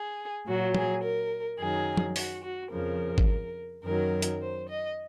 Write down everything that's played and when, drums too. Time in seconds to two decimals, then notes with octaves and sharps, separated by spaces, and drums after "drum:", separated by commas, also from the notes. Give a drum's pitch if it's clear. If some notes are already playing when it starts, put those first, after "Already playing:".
Already playing: G#4
0.47 A#2 F#3 F#4
0.75 G#4, drum: tom F3
1.03 A#4
1.59 F#2 D#3 F#3 G#4
1.97 drum: tom F3
2.16 F#4, drum: open hi-hat
2.43 F#4
2.72 F2 C#3 F3 A#4
3.18 drum: kick G#1
3.84 F#2 D#3 F#3 A#4
4.22 drum: hi-hat
4.41 C5
4.68 D#5